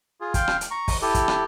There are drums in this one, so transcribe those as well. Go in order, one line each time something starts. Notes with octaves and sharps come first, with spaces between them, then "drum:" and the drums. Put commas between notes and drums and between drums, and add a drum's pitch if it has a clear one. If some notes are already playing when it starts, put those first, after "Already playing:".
F4 G#4
F5 G5 C6, drum: kick, hi-hat
drum: rim click
drum: hi-hat
A#5 C#6
drum: kick, open hi-hat
E4 G4 A4
drum: kick, hi-hat
drum: rim click